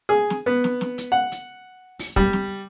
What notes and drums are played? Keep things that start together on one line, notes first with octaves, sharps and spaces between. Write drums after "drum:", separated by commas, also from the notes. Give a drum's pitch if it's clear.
G#4
drum: snare
B3
drum: snare
drum: snare
drum: hi-hat
F#5
drum: hi-hat
drum: open hi-hat
G3, drum: kick
drum: snare